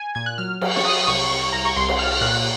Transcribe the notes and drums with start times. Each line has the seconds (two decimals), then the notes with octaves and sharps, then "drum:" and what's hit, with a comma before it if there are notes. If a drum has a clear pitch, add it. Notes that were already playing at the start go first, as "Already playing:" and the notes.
Already playing: G#5
0.15 A#2 G#6
0.26 F#6
0.38 F#3 F6
0.61 F#3, drum: cymbal
0.76 C#6, drum: snare
0.84 F#3 D#6
1.01 D#6
1.07 C2 C#6
1.30 C2 C#6
1.53 C2 A#5
1.65 C#6
1.76 C2 C6
1.89 drum: cymbal
1.98 C2 F6
2.12 F6
2.21 A#2 F#6